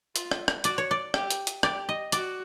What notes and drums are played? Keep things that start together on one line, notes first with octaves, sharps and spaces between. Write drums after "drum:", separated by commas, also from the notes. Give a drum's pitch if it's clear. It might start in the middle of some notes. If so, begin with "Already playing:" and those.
F4, drum: hi-hat
drum: rim click
drum: rim click
F#4 D5, drum: hi-hat
C#5
D5
G4, drum: rim click
drum: hi-hat
drum: hi-hat
G4 D5, drum: rim click
D#5
F#4 D5, drum: hi-hat